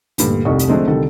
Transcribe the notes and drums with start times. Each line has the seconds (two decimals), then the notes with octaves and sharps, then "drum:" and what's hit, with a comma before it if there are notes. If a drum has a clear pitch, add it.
0.18 D2 G2 A#2 D3, drum: hi-hat
0.45 F1 C2 F2 G3 D#5 C#6
0.59 drum: hi-hat
0.68 D3 F3 G#3 A3 C4 D4
0.87 C2 D3 D#3 G3 A4